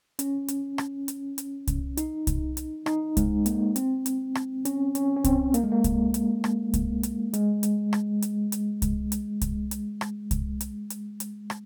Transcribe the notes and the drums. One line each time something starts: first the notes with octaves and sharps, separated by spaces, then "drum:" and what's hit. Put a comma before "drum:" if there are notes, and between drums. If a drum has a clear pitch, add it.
C#4, drum: hi-hat
drum: hi-hat
drum: rim click
drum: hi-hat
drum: hi-hat
drum: kick C2, hi-hat
D#4, drum: hi-hat
drum: kick C2, hi-hat
drum: hi-hat
D#4, drum: rim click
G#3, drum: kick C2, hi-hat
A#3, drum: hi-hat
C4, drum: hi-hat
drum: hi-hat
drum: rim click
C#4, drum: hi-hat
C#4, drum: hi-hat
C#4
C4, drum: kick C2, hi-hat
A#3, drum: hi-hat
G#3
A#3
drum: kick C2, hi-hat
drum: hi-hat
drum: rim click
drum: kick C2, hi-hat
drum: hi-hat
G#3, drum: hi-hat
drum: hi-hat
drum: rim click
drum: hi-hat
drum: hi-hat
drum: kick C2, hi-hat
drum: hi-hat
drum: kick C2, hi-hat
drum: hi-hat
drum: rim click
drum: kick C2, hi-hat
drum: hi-hat
drum: hi-hat
drum: hi-hat
drum: rim click